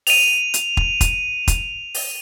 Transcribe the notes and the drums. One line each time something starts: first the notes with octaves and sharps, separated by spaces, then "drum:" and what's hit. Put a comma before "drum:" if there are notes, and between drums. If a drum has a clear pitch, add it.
D#7 F7, drum: open hi-hat
drum: hi-hat
drum: kick
drum: kick, hi-hat
drum: kick, hi-hat
drum: open hi-hat